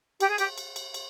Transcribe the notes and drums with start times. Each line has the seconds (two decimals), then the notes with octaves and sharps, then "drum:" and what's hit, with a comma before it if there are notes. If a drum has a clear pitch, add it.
0.20 G4, drum: cymbal
0.29 G#4
0.38 G4, drum: cymbal
0.58 drum: cymbal
0.76 drum: cymbal
0.94 drum: cymbal